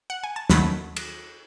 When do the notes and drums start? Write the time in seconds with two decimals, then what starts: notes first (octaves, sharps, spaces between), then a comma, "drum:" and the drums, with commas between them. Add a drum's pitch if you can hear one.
0.10 F#5
0.24 G#5
0.36 A5
0.50 D#2 D#3 F#3 A3 B5, drum: snare
0.96 drum: cymbal